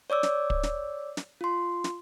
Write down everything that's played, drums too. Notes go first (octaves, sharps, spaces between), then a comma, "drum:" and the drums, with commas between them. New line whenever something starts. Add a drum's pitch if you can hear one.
C#5 D5 D6 E6
drum: snare
drum: kick
drum: snare
drum: snare
F4 C6
drum: snare